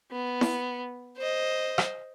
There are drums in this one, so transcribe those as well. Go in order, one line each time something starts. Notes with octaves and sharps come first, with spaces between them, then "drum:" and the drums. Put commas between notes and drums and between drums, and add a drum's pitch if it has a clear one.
B3
drum: snare E4
C5 D#5
drum: rim click